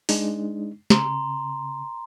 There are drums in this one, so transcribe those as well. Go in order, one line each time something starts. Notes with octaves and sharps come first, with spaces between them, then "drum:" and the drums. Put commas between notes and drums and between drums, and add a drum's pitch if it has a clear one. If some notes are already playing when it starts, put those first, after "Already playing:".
G#3 D4 D#4, drum: open hi-hat
C#3 A#5 C6, drum: snare